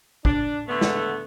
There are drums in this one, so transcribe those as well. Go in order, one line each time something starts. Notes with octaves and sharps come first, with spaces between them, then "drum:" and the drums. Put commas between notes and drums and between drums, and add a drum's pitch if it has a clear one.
D4, drum: kick
D3 A3 B3
drum: snare